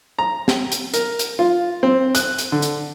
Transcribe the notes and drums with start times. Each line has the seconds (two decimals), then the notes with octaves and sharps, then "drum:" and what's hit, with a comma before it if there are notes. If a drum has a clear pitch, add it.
0.19 A#5
0.48 drum: snare
0.72 drum: hi-hat
0.94 A#4, drum: hi-hat
1.19 drum: hi-hat
1.39 F4
1.83 C4
2.15 F#6, drum: hi-hat
2.38 drum: hi-hat
2.52 D3
2.62 drum: hi-hat